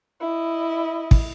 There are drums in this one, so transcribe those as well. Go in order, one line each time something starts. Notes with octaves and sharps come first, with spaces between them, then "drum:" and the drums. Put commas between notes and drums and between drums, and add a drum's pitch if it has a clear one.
E4 D#5
drum: kick